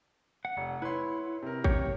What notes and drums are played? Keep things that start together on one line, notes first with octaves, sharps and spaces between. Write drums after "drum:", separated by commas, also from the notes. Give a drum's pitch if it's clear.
F#5
F1
E4 B4 C#5 C6
C3 A#4
G4 C#5, drum: kick G#1